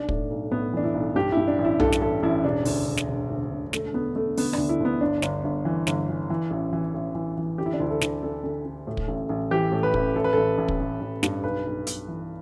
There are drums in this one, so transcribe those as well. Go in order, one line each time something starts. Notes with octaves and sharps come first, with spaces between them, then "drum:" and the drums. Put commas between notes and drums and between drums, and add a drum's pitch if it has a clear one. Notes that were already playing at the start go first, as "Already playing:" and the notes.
Already playing: B1 D4
A2, drum: kick
B1
A2 B3
E3 D4
E4
B1
G2 G4
G2 E4
D4
A1
E4
G2 A4, drum: tom B1
drum: snare
A1 A4
A1 E4
E1 D4
D2, drum: open hi-hat
E1
drum: snare
E1
D2
E1
D3 A3, drum: snare
D3 B3
D3 A3
D3 B3, drum: open hi-hat
D2 D4, drum: rim click
E4
D2 B3
G1 D4
G1, drum: snare
G1
E3
G1, drum: snare
E3
E3
A1
E3
A1
E3
E3
D3 G4
E4
D4
D2 E4
A4
D2, drum: snare
D3 A4
D3
D3
A2
drum: kick
A1
A1
E3 G4
A2
B4
A1, drum: kick
A1 A4
B4
A1 A4
A1
drum: kick
A1
A1
G2, drum: snare
B1 B4
B1
B1, drum: hi-hat
E3